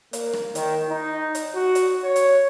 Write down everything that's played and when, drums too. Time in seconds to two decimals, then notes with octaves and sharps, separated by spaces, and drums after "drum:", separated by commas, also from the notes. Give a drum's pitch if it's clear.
0.13 A#3, drum: hi-hat
0.33 drum: rim click
0.55 D#3, drum: hi-hat
0.90 D#4
1.35 drum: hi-hat
1.55 F#4
1.75 drum: hi-hat
2.04 C#5
2.16 drum: hi-hat